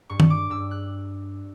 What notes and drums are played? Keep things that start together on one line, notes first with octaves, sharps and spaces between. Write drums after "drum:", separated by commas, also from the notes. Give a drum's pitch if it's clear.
G2 C#6
drum: tom D#3
D6
G2 E6
F#6